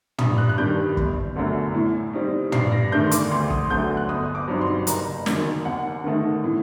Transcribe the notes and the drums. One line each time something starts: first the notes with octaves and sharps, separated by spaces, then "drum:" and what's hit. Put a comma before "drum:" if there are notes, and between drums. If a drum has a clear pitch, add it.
G2 D#6, drum: tom
F#6
F#6
D#3 G3 D4 G6
G1, drum: kick
F#2 D3 A3
A2
G3 C4 D#4
G2 C7, drum: tom
A#6
D#3 A3 D4 G6
C6
D6, drum: hi-hat
D2 C6
D#6, drum: kick
D3 F#3 A3 G6
F#6
G1 D#6
D6
G2 F#3 C4 D#4
C6
F#1 A#5, drum: hi-hat
F#2 D#3, drum: snare
D#2 F#5
D#3 A3 D#4
A2